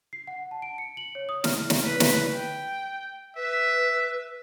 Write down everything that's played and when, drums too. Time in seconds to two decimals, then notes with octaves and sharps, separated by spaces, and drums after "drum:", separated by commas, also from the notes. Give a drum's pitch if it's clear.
0.13 C7
0.27 F#5
0.51 A5
0.62 D7
0.78 C#7
0.97 F#7
1.15 C#5
1.29 D#6
1.44 F6, drum: snare
1.70 drum: snare
1.84 B4
2.00 drum: snare
2.34 G5
3.36 B4 E5